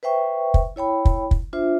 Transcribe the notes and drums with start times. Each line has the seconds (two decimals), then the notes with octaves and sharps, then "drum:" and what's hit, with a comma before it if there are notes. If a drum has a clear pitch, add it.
0.03 B4 C5 E5 G5 C#6
0.54 drum: kick
0.76 E4 C#5 G5 B5
1.05 drum: kick
1.31 drum: kick
1.53 D4 F4 C5 E5